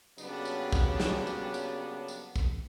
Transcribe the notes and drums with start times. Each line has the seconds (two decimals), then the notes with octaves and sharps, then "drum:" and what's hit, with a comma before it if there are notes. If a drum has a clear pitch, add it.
0.18 C#3 F#3 G3 A#3 B3 D4, drum: tambourine
0.45 drum: tambourine
0.73 drum: kick, tambourine
1.00 drum: snare
1.27 drum: tambourine
1.54 drum: tambourine
2.08 drum: tambourine
2.36 drum: kick, tambourine